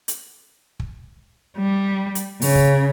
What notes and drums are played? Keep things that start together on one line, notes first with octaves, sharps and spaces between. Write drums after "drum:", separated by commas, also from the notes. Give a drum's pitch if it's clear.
drum: hi-hat
drum: kick
G3
drum: hi-hat
C#3, drum: open hi-hat
drum: kick